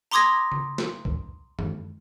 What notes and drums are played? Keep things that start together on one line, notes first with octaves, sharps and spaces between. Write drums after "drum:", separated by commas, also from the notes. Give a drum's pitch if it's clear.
A#5 C6 D6 D#6 G#6 A#6
drum: tom C#3
drum: snare
drum: kick C2
drum: tom